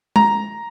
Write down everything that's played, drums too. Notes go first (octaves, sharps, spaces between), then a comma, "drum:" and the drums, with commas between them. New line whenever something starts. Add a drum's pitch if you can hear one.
A#5, drum: tom